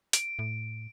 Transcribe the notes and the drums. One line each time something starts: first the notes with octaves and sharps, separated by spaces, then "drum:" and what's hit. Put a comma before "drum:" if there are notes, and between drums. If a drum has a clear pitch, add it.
D7, drum: hi-hat
A2